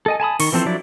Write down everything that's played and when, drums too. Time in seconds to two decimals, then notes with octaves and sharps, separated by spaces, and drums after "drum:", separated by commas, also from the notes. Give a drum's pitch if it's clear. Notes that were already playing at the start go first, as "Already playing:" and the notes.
0.06 A4 D#5 G#5
0.20 G#5 A5 B5 D#6
0.39 D#3 C#6, drum: open hi-hat
0.52 E3 F3 C4 A4 C5
0.66 F3 F#3 D4 E4 D5